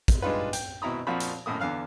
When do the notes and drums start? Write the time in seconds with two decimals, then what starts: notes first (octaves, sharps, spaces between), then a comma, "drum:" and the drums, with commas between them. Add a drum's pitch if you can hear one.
0.08 drum: kick, hi-hat
0.22 G3 G#3 D4 D#4 F4 B4
0.53 G5, drum: hi-hat
0.82 G#1 B2 E4 A#5 B5 D#6
1.07 F2 A#2 F3 F#4 B5
1.20 drum: hi-hat
1.46 G#1 F#2 A2 A#3 A#4 D#6
1.60 E2 D3 F5 F6 F#6